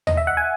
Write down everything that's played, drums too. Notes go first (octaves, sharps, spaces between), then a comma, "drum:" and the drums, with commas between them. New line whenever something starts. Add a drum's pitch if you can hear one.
D#5, drum: tom D#2
E5
F#5
G#5